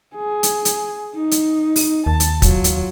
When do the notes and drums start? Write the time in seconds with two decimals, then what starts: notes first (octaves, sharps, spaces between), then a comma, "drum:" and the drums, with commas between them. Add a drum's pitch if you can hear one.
0.16 G#4
0.43 drum: hi-hat
0.65 drum: hi-hat
1.14 D#4
1.31 drum: hi-hat
1.76 drum: open hi-hat
2.06 D#2 A5
2.20 drum: hi-hat
2.42 F#3 F4, drum: kick, hi-hat
2.64 drum: hi-hat